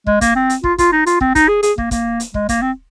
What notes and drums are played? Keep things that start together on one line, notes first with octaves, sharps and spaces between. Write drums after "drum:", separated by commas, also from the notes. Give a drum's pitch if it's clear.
G#3, drum: kick
A#3, drum: kick, hi-hat
C4
drum: hi-hat
F4, drum: kick
F4, drum: kick, hi-hat
D#4
F4, drum: hi-hat
C4, drum: kick
D#4, drum: kick, hi-hat
G#4
G#4, drum: hi-hat
A#3, drum: kick
A#3, drum: kick, hi-hat
drum: hi-hat
G#3, drum: kick
A#3, drum: kick, hi-hat
C4